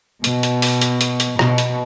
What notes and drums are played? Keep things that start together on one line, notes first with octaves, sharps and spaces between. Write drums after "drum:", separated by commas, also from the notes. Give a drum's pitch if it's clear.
B2, drum: hi-hat
drum: hi-hat
drum: open hi-hat
drum: hi-hat
drum: hi-hat
drum: hi-hat
B2, drum: rim click
drum: hi-hat